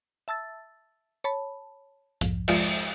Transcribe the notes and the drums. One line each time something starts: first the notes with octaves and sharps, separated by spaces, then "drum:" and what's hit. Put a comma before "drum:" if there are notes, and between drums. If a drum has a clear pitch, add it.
E5 A5 E6 A6
C#5 A5 B5
B1 F2 G#2 F3, drum: hi-hat
F3 G#3 F4 D5 E5, drum: cymbal